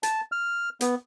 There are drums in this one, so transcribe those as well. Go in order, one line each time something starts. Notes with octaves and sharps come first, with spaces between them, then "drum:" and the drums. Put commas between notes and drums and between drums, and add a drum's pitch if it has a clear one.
A5, drum: hi-hat
F6
B3, drum: hi-hat